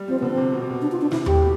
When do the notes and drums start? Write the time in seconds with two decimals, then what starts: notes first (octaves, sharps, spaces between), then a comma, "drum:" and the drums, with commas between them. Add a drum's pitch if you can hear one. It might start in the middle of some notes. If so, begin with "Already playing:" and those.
Already playing: G3
0.08 F3 C4
0.19 D3 B3
0.31 C4
0.37 C3
0.52 B2
0.62 C3
0.70 B2
0.82 D4
0.92 F4
1.01 D4
1.11 C3 E4, drum: snare
1.26 A2 G4, drum: tom D#2
1.41 B2